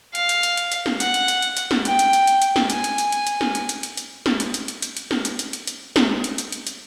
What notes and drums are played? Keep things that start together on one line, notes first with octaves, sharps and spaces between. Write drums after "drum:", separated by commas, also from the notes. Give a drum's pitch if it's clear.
F5, drum: hi-hat
drum: hi-hat
drum: hi-hat
drum: hi-hat
drum: hi-hat
drum: snare
F#5, drum: hi-hat
drum: hi-hat
drum: hi-hat
drum: hi-hat
drum: hi-hat
drum: snare
G5, drum: hi-hat
drum: hi-hat
drum: hi-hat
drum: hi-hat
drum: hi-hat
drum: snare
G#5, drum: hi-hat
drum: hi-hat
drum: hi-hat
drum: hi-hat
drum: hi-hat
drum: snare
drum: hi-hat
drum: hi-hat
drum: hi-hat
drum: hi-hat
drum: snare
drum: hi-hat
drum: hi-hat
drum: hi-hat
drum: hi-hat
drum: hi-hat
drum: snare
drum: hi-hat
drum: hi-hat
drum: hi-hat
drum: hi-hat
drum: snare
drum: hi-hat
drum: hi-hat
drum: hi-hat
drum: hi-hat